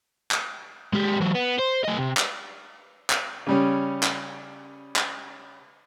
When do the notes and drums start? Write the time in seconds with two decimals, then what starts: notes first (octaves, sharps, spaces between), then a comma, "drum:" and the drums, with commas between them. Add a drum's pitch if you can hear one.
0.31 drum: clap
0.93 G#3 G4
1.20 E3 F#3
1.34 B3
1.58 C5
1.84 A3 D#5
1.98 C3
2.17 drum: clap
3.10 drum: clap
3.47 C#3 G3 C#4
4.03 drum: clap
4.96 drum: clap